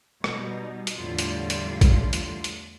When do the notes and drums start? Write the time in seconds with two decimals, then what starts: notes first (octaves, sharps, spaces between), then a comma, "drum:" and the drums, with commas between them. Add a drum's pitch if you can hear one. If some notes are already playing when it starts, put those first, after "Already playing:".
0.24 B2 G3 D#4, drum: rim click
0.87 drum: hi-hat
0.98 E2 A2 D3 G3 F4
1.18 drum: hi-hat
1.50 drum: hi-hat
1.81 drum: kick A#1, hi-hat
2.13 drum: hi-hat
2.44 drum: hi-hat